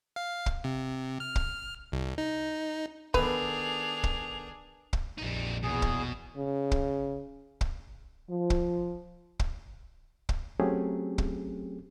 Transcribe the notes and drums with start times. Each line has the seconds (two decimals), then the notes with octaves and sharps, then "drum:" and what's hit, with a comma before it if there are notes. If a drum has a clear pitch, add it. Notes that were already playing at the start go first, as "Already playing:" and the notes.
0.16 F5
0.46 drum: kick
0.64 C3
1.20 F6
1.36 drum: kick
1.92 C2
2.18 D#4
3.14 D#3 B3 D4 G#4 A4 B4 F7, drum: kick
4.03 drum: kick
4.93 drum: kick
5.18 A#1 F2 G3 D#4
5.63 E2 B2 G#4
5.82 drum: kick
6.37 C#3
6.71 drum: kick
7.61 drum: kick
8.28 F3
8.50 drum: kick
9.39 drum: kick
10.29 drum: kick
10.60 F#3 A3 C4 C#4 G4 G#4
11.18 drum: kick